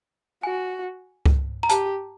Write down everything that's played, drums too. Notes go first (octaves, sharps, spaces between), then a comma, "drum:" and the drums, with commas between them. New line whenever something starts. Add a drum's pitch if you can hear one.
F#4 G#5
drum: kick C#2
A#5
G4 A5, drum: hi-hat